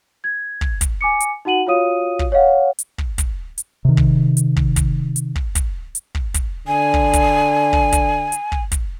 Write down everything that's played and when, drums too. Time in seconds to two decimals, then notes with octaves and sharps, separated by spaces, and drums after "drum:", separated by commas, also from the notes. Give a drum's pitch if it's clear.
0.24 G#6
0.61 drum: kick
0.81 drum: kick, hi-hat
1.01 G#5 D6 C#7
1.20 drum: hi-hat
1.45 D#4 F#4 F#5 D#7 F#7
1.67 F4 F#4 C#5 F5 D#6 D#7
2.19 drum: kick
2.32 C#5 D#5 F5 F#5
2.79 drum: hi-hat
2.98 drum: kick
3.18 drum: kick, hi-hat
3.58 drum: hi-hat
3.85 C3 D#3
3.97 drum: kick
4.37 drum: hi-hat
4.56 drum: kick
4.76 drum: kick, hi-hat
5.16 drum: hi-hat
5.36 drum: kick
5.55 drum: kick, hi-hat
5.95 drum: hi-hat
6.15 drum: kick
6.34 drum: kick, hi-hat
6.67 D3 G#5
6.94 drum: kick
7.13 drum: kick, hi-hat
7.73 drum: kick
7.92 drum: kick, hi-hat
8.32 drum: hi-hat
8.52 drum: kick
8.72 drum: kick, hi-hat